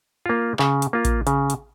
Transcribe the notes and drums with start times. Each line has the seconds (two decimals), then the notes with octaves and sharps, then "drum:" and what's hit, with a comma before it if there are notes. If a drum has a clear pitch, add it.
0.26 A#3 F4
0.59 C#3, drum: clap
0.82 drum: hi-hat
0.93 A#3 F4
1.05 drum: kick A1, hi-hat
1.27 C#3, drum: hi-hat
1.50 drum: hi-hat